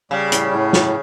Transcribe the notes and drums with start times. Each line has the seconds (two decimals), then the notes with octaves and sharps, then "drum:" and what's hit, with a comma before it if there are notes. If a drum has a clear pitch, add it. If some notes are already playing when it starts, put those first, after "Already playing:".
0.11 C#3 G3
0.32 A2, drum: hi-hat
0.52 A2
0.73 drum: snare